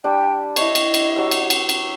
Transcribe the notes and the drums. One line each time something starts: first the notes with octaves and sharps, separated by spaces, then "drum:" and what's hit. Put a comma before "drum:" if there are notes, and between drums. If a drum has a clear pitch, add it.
G3 D4 G4 G5
E4 C#5 D#5, drum: cymbal
drum: cymbal
drum: cymbal
F#3 G4 E5
drum: cymbal
drum: cymbal
drum: cymbal